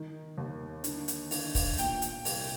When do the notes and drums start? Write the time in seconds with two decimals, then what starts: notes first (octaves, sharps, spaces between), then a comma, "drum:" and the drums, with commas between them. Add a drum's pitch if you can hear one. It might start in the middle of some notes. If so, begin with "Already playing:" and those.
Already playing: D#3
0.38 D#2
0.84 D3, drum: hi-hat
1.08 drum: hi-hat
1.31 D3, drum: open hi-hat
1.55 drum: kick, open hi-hat
1.78 A#2 G5, drum: hi-hat
2.02 drum: hi-hat
2.25 C2, drum: open hi-hat